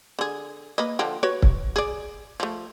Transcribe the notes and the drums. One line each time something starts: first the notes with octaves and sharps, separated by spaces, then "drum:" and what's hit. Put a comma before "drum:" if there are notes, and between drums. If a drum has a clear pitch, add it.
D3 G#4
A#3 B4 D#5
D3 F3 G5
F#4 B4 C#5
drum: kick C#1
G#4 D5
F3 A3